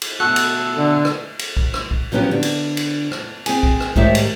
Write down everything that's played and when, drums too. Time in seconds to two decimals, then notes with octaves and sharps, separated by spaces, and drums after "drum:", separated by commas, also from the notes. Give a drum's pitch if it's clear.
0.02 drum: cymbal
0.20 B2 A3 F#4 A4 F#6
0.36 drum: cymbal
0.77 D3
1.05 drum: rim click
1.39 drum: cymbal
1.57 drum: kick B1
1.74 drum: rim click
1.91 drum: kick B1
2.12 F3 F#3 B3 C#4 G4
2.31 D3
2.43 drum: cymbal
2.77 drum: cymbal
3.12 drum: rim click
3.46 C4 G#4 G#5, drum: cymbal
3.63 drum: kick B1
3.80 drum: rim click
3.96 G#2 D#3 A3 G4 C#5 E5, drum: kick B1
4.15 drum: cymbal